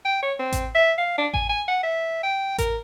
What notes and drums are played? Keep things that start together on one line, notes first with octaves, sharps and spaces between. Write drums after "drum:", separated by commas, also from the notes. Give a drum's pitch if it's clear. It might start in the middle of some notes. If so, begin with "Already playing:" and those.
G5
C#5
C4
drum: kick A1, hi-hat
E5
F5
D4
G#5, drum: kick A1
G#5
F#5
E5
G5
A#4, drum: kick A1, hi-hat